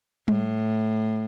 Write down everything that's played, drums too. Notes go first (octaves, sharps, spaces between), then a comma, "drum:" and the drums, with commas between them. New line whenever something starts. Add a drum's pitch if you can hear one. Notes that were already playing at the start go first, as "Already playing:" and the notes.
A2, drum: tom G3